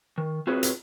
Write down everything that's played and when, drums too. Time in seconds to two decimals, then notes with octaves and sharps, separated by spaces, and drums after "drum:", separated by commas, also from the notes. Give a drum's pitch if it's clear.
0.18 D#3
0.47 C4 F4 F#4 G#4 B4 C#5
0.63 drum: hi-hat